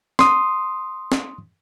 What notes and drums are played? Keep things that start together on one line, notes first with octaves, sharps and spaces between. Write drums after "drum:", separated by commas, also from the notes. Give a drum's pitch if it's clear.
C6 D#6, drum: snare
drum: snare